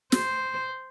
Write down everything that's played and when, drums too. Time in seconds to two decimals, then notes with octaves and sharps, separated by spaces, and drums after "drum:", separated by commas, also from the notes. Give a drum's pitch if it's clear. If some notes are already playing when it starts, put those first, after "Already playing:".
0.12 C5, drum: snare